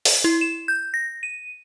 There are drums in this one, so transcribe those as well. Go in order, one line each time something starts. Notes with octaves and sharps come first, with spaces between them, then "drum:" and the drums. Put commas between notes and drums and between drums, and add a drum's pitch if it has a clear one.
drum: open hi-hat
E4
E7
G6
A#6
D#7